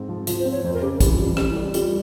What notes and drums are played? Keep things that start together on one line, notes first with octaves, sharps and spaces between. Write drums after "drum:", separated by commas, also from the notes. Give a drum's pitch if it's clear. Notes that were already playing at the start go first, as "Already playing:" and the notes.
Already playing: G#2 C4
F3
F3 F4, drum: hi-hat
C5
C4
C#5
F2 C5
A#4
C#3 G4
E3 G4, drum: kick, hi-hat
F4
G3
C4
G3 C#4, drum: rim click
E4
G3
C#4
G3 F4, drum: hi-hat